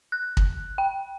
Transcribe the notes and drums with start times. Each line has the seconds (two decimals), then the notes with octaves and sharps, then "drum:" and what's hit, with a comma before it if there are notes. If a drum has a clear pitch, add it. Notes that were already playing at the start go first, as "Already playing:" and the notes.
0.12 F#6
0.37 drum: kick
0.78 G5